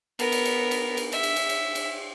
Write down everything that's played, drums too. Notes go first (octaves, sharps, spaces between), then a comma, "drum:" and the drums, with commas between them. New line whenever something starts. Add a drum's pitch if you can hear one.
B3 A#4, drum: cymbal
drum: cymbal
drum: cymbal
drum: cymbal
drum: cymbal
E5, drum: cymbal
drum: cymbal
drum: cymbal
drum: cymbal
drum: cymbal